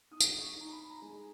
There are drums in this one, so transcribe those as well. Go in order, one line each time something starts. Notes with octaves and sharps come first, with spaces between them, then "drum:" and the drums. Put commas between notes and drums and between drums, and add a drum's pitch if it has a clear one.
D#4 D#6
drum: tambourine
C#6
D#4 A#5
B5
A#5
G#3 G#5